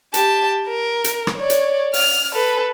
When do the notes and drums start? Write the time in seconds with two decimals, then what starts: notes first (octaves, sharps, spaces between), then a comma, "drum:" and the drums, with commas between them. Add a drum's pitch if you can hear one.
0.14 G4 A5, drum: hi-hat
0.68 A#4
1.04 drum: hi-hat
1.27 drum: rim click
1.38 C#5 D5
1.50 drum: hi-hat
1.93 F6, drum: open hi-hat
2.33 A4 B4